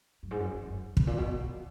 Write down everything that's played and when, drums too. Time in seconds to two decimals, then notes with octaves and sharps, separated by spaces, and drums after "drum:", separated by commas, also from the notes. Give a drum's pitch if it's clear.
0.23 F#2
0.31 G#2
0.40 F#2
0.54 E2
0.70 F#2
0.97 G#2, drum: kick
1.07 A#2
1.18 B2
1.34 B2